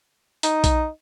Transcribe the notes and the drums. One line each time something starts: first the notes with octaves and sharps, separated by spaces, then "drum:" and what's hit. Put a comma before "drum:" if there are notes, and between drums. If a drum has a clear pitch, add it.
D#4, drum: hi-hat
drum: kick B1, hi-hat